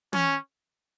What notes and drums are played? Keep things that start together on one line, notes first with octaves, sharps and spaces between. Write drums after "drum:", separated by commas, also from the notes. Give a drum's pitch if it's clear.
C#4, drum: tom